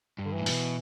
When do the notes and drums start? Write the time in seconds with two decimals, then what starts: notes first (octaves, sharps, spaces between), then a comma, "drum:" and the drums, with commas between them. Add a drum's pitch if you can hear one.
0.19 G2
0.25 D3
0.33 E3
0.38 A2
0.46 B2, drum: open hi-hat